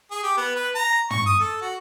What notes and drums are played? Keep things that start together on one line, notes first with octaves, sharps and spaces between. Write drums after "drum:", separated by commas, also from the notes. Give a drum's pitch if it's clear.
G#4
G4
B3
B4
A#5
C#6, drum: tom
D#6
A4
F#4